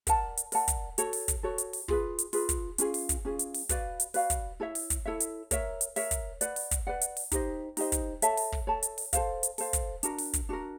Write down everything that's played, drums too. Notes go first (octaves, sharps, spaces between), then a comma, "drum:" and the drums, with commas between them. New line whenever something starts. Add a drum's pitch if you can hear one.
A#4 D5 F#5 A5, drum: kick, hi-hat
drum: hi-hat
A#4 D5 F#5 A5, drum: open hi-hat
drum: kick, hi-hat
F#4 A4 C#5, drum: hi-hat
drum: open hi-hat
drum: kick, hi-hat
F#4 A4 C#5
drum: hi-hat
drum: open hi-hat
F4 G#4 B4, drum: kick
drum: hi-hat
F4 G#4 B4, drum: open hi-hat
drum: kick, hi-hat
C#4 F4 G#4, drum: hi-hat
drum: open hi-hat
drum: kick, hi-hat
C#4 F4 G#4
drum: hi-hat
drum: open hi-hat
F#4 B4 D5 F5, drum: kick, hi-hat
drum: hi-hat
F#4 B4 D5 F5, drum: open hi-hat
drum: kick, hi-hat
E4 A4 C#5 E5
drum: open hi-hat
drum: kick, hi-hat
E4 A4 C#5 E5
drum: hi-hat
A#4 C#5 E5, drum: kick, hi-hat
drum: hi-hat
A#4 C#5 E5, drum: open hi-hat
drum: kick, hi-hat
B4 D5 F#5, drum: hi-hat
drum: open hi-hat
drum: kick, hi-hat
B4 D5 F#5
drum: hi-hat
drum: open hi-hat
D#4 G4 C5 D#5, drum: kick, hi-hat
D#4 G4 C5 D#5, drum: open hi-hat
drum: kick, hi-hat
A4 C#5 E5 A5, drum: hi-hat
drum: open hi-hat
drum: kick
A4 C#5 E5 A5
drum: hi-hat
drum: open hi-hat
A4 C5 F5, drum: kick, hi-hat
drum: hi-hat
A4 C5 F5, drum: open hi-hat
drum: kick, hi-hat
D4 F#4 A#4, drum: hi-hat
drum: open hi-hat
drum: kick, hi-hat
D4 F#4 A#4